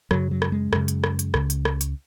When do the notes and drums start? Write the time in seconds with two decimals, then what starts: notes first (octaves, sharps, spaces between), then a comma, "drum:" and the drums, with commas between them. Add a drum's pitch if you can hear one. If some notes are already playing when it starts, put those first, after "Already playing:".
0.11 F#2 C#3 F#3, drum: rim click
0.31 F#3
0.42 drum: rim click
0.52 G#3
0.73 F#2 C#3, drum: rim click
0.88 drum: hi-hat
1.04 drum: rim click
1.19 drum: hi-hat
1.34 C#2 C#3, drum: rim click
1.50 drum: hi-hat
1.65 drum: rim click
1.81 drum: hi-hat